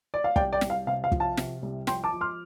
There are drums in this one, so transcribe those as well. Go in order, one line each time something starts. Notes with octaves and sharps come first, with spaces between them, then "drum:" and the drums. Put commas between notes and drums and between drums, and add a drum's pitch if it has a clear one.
D5
F5
C2 D5 G5, drum: kick
D5 G5
C2, drum: snare
F5
C3 F5
F5
F3, drum: kick
F5 A5
C3, drum: snare
C2
F3 G5 C6, drum: snare
A5 D6
F3
C6 F6